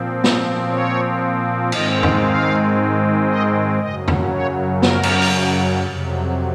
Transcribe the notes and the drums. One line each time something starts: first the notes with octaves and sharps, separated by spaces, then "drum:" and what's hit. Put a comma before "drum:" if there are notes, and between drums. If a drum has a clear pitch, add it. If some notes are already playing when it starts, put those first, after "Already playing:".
Already playing: A#2 F3 C4
drum: snare
C#5
G#2 D#3 G#3 C4 D#5, drum: cymbal
drum: tom E2
F5
D#5
F#2 C#3 F#3 D#5
drum: tom E2
C#5
A#4, drum: snare
drum: cymbal
drum: open hi-hat
F2 C3 F#3